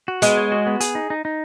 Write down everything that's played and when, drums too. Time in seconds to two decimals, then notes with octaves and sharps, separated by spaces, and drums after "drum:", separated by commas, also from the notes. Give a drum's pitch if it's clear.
0.08 F#4
0.22 G#3 B3, drum: hi-hat
0.37 C#5
0.52 F#4
0.67 B3
0.80 G#4, drum: hi-hat
0.95 D#4
1.10 D#4
1.25 D#4